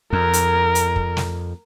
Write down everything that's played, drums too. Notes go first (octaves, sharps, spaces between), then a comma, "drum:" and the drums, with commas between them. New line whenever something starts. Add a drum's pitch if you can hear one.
F2 A#4
drum: hi-hat
drum: hi-hat
drum: kick
drum: snare